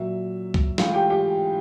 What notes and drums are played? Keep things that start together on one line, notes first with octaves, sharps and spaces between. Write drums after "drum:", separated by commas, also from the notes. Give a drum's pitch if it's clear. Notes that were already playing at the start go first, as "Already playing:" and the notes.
Already playing: A#2 F#3 E5
drum: kick
A2 E3 G#3 F4 F5, drum: snare
G4 G5
G4 G5